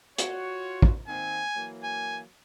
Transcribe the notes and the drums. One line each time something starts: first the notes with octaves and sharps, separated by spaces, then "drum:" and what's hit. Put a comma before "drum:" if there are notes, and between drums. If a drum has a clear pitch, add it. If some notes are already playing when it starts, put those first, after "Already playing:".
F4 F#4 C#5, drum: hi-hat
drum: kick
D#3 A#3 C4 G#5
E3 F#3 A#3
G#5